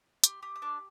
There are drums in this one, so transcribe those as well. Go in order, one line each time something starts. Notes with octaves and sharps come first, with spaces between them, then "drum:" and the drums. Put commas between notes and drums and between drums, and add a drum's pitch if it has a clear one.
G4 C6, drum: hi-hat
G4 D#6
D#6
D4 D6